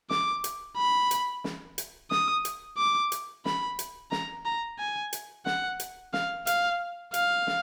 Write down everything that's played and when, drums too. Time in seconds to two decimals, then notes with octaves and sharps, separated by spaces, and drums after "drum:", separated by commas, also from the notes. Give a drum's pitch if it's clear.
0.10 D6, drum: snare
0.44 drum: hi-hat
0.78 B5
1.11 drum: hi-hat
1.44 drum: snare
1.78 drum: hi-hat
2.11 D#6, drum: snare
2.45 drum: hi-hat
2.78 D6
3.12 drum: hi-hat
3.45 B5, drum: snare
3.79 drum: hi-hat
4.12 A#5, drum: snare
4.45 A#5
4.79 G#5
5.13 drum: hi-hat
5.46 F#5, drum: snare
5.80 drum: hi-hat
6.13 F5, drum: snare
6.47 F5, drum: hi-hat
7.14 F5, drum: hi-hat
7.47 drum: snare